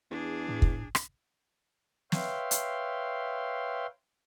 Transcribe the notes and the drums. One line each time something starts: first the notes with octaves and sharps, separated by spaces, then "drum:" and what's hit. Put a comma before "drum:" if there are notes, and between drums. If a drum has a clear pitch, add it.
E2 D4 G#4
A2
drum: kick
drum: rim click
B4 C#5 E5 F5 G5 C6, drum: snare
drum: hi-hat